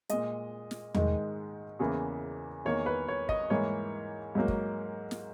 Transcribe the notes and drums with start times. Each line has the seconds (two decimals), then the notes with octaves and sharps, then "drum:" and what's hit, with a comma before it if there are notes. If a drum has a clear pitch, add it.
0.09 A#2 G#3 D#5, drum: hi-hat
0.71 drum: snare
0.95 G#2 D#3 G#3, drum: tom E2
1.79 E2 C#3 E3 A#3
2.65 E2 D#3 A#3 C#5
2.86 B4
3.08 C#5
3.29 D#5, drum: kick
3.50 G#2 E3 A#3 C#5
4.35 G#2 F#3 A#3
4.48 drum: kick
5.11 drum: snare